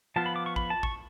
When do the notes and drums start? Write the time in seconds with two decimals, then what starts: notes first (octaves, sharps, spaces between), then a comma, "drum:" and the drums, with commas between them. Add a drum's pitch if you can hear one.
0.16 F3 B3 F4 A5
0.26 B5
0.36 D6
0.46 C#6
0.56 B5, drum: kick A1
0.70 A5
0.83 C#6, drum: kick A1